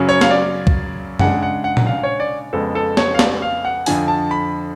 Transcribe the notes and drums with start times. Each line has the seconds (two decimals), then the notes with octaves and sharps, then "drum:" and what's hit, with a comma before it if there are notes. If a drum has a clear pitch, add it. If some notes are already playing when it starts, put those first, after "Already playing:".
Already playing: F#2 C#3 F#3 C#4
0.09 C#5
0.21 F5, drum: snare
0.31 D5
0.67 drum: kick
1.19 C#3 G#3 D4 F#5, drum: tom
1.43 F#5
1.64 F#5
1.77 drum: tom
1.86 F5
2.03 C#5
2.20 D5
2.53 F2 C#3 G#3 B3 A4
2.75 A4
2.97 C#5, drum: snare
3.15 F5
3.19 D5, drum: snare
3.42 F5
3.65 F#5
3.86 F2 D3 F3 G#5, drum: open hi-hat
4.08 A5
4.31 B5